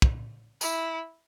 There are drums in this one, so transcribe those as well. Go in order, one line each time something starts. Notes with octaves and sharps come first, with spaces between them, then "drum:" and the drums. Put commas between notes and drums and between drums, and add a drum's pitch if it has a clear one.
drum: kick
E4, drum: tambourine